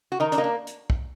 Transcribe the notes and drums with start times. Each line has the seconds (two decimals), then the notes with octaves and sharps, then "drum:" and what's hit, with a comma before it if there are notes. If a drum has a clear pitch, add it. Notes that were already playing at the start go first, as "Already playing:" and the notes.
0.12 F#4
0.20 D#3 D#4
0.32 D4, drum: hi-hat
0.38 A#3 D#4
0.44 D4
0.67 drum: hi-hat
0.90 drum: kick